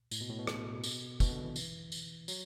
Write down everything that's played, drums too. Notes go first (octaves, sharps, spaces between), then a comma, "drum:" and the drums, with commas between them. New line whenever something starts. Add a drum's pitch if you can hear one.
A2, drum: tambourine
B2
A2
B2
drum: rim click
drum: tambourine
B2, drum: kick, tambourine
D3
E3
drum: tambourine
drum: tambourine
F#3, drum: tambourine